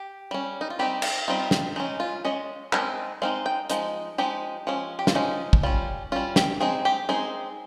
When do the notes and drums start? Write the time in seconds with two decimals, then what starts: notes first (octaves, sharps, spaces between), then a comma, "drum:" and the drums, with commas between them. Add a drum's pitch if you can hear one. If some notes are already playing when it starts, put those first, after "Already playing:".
Already playing: G4
0.31 G3 C#4
0.61 D#4
0.70 F4
0.79 G3 C4 D#4 G4
1.02 drum: cymbal
1.28 G3 C4 D#4 F4
1.51 drum: snare
1.76 G#3 C#4 D#4
2.00 F4
2.25 G#3 C#4 D#5
2.73 G#3 C4 D#4, drum: clap
3.22 G#3 C4 D#4 F5
3.46 G5
3.70 F3 G#3 D#4, drum: hi-hat
4.18 F3 G#3 D#4 G4
4.67 F3 G#3 C#4
4.99 G4
5.07 F4, drum: snare
5.15 F3 G#3 C#4 D#4
5.53 drum: kick
5.63 G3 C#4 F4
6.12 G3 C#4 F4
6.36 G4, drum: snare
6.60 G#3 C4 D#4 G#4
6.85 G4
7.09 G#3 C4 D#4 G#4